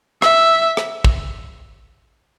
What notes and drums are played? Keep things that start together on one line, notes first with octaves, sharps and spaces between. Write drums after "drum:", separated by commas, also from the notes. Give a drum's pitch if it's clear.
E5, drum: rim click
drum: rim click
drum: kick